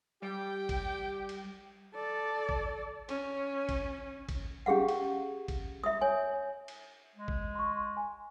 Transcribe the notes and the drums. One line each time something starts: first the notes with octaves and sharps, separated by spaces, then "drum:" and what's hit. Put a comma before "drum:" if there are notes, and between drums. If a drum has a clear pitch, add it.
G3 G4 G5
drum: kick A1, cymbal
drum: cymbal
A4 D5
drum: kick A1
C#4, drum: cymbal
drum: kick A1, cymbal
drum: kick A1, cymbal
C#4 G4 G#4 F5 F#5
drum: cymbal
drum: kick A1, cymbal
E5 D#6
C#5 G#5
drum: cymbal
G#3
drum: kick A1
C6 C#6
G#5